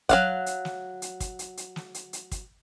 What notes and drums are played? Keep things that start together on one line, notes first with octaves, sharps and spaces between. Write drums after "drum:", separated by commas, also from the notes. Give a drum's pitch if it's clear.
F#3 F5 F#5, drum: kick, hi-hat
drum: hi-hat
drum: snare
drum: hi-hat
drum: kick, hi-hat
drum: hi-hat
drum: hi-hat
drum: snare
drum: hi-hat
drum: hi-hat
drum: kick, hi-hat